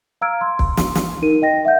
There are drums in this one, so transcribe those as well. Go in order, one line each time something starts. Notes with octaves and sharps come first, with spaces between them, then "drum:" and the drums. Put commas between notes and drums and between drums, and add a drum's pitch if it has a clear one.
F5 A#5 E6 F6 G#6 D7
C6
drum: kick
drum: snare
drum: snare
D#4 A#4 D#7
D#5 G5 A#6
E5 F#5 G6